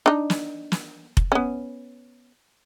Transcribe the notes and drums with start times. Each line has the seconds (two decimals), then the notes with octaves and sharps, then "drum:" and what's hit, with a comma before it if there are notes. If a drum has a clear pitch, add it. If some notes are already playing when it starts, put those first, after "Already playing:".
0.06 D4 D#4
0.30 drum: snare
0.72 drum: snare
1.17 drum: kick F1
1.32 B3 C#4